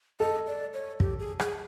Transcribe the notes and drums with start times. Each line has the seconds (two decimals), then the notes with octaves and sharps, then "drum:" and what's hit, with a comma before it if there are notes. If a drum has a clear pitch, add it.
0.20 A4 D#5
0.47 D5
0.74 C#5
1.00 G4, drum: kick
1.19 G#4
1.39 G#4, drum: rim click